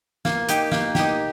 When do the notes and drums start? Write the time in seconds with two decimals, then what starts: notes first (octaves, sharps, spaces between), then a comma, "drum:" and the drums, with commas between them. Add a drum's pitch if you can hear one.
0.25 A#3, drum: snare
0.49 D#4 G4, drum: hi-hat
0.71 A#3, drum: snare
0.95 D#4 G4, drum: snare